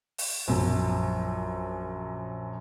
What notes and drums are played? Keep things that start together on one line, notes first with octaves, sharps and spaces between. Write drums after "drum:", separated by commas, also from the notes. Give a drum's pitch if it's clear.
drum: open hi-hat
A#1 F#2